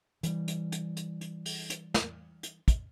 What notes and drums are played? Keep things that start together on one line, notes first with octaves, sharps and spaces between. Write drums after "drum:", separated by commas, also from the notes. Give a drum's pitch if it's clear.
E3 G3, drum: hi-hat
drum: hi-hat
drum: hi-hat
drum: hi-hat
drum: hi-hat
drum: open hi-hat
drum: hi-hat
drum: snare
drum: hi-hat
drum: kick, hi-hat